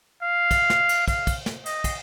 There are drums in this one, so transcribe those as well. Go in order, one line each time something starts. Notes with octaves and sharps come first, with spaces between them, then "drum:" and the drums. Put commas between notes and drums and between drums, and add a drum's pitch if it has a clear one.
F5
drum: kick, cymbal
drum: snare
drum: cymbal
F5, drum: kick, cymbal
drum: kick, cymbal
drum: snare
D#5, drum: cymbal
drum: kick, cymbal